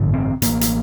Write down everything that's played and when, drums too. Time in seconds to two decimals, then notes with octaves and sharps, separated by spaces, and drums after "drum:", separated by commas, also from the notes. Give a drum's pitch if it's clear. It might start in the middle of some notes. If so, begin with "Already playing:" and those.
Already playing: A1 G2 D3
0.14 C4
0.42 A1 A2 A#3, drum: hi-hat
0.61 drum: hi-hat